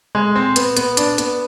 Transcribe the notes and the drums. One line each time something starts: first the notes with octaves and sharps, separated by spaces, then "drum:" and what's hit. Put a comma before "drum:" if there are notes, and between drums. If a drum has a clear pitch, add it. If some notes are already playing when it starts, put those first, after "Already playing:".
G#3
C4
B3, drum: hi-hat
B3, drum: hi-hat
D4, drum: hi-hat
B3, drum: hi-hat